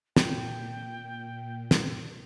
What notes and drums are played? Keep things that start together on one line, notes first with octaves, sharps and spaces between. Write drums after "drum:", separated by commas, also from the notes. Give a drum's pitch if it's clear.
A#2 G5, drum: snare
drum: snare